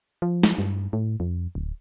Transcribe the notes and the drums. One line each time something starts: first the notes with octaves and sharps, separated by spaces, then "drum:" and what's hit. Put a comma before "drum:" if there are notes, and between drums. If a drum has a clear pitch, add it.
F3
drum: snare
G2
A2
F2
D1